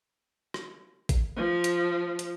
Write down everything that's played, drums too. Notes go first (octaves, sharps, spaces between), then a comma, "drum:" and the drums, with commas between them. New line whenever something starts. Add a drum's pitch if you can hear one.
drum: rim click
drum: kick A1, hi-hat
F3
drum: hi-hat
drum: hi-hat